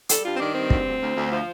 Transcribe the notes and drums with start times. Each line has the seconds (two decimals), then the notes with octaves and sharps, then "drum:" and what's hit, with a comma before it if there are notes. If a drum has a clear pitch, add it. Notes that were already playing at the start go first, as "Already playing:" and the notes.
0.09 G3 A4, drum: hi-hat
0.24 G2 F4
0.34 C4
0.39 D#3 D4
0.55 G2 C4
0.70 D2, drum: kick
0.85 D2
1.00 D2
1.15 D2
1.32 F3